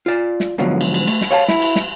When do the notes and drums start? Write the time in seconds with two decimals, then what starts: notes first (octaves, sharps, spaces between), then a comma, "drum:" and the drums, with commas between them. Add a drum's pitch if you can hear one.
0.06 F4 D5
0.40 drum: snare
0.58 G#2 B2 D3 F3 F#3
0.81 drum: cymbal
0.94 drum: cymbal
1.07 A3, drum: cymbal
1.21 drum: snare
1.31 C#5 F5 F#5 A5
1.48 E4, drum: snare
1.62 drum: cymbal
1.76 drum: snare